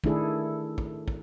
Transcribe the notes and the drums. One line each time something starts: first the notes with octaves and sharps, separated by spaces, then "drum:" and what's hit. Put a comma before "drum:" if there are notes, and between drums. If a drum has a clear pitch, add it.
D#3 A3 D4 E4 G#4 A4, drum: kick
drum: kick
drum: kick